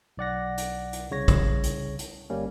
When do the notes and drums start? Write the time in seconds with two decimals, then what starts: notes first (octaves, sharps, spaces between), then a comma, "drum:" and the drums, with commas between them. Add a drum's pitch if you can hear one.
0.17 B1 D5 F#5 A#6
0.58 drum: hi-hat
0.93 drum: hi-hat
1.10 C2 C#3 C#5 A#6
1.28 drum: kick A#1, hi-hat
1.63 drum: hi-hat
1.99 drum: hi-hat
2.30 G1 G3 A#3 C#4